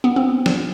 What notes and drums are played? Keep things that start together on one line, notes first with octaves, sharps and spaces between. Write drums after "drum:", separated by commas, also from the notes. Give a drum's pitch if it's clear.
B3
C4
drum: snare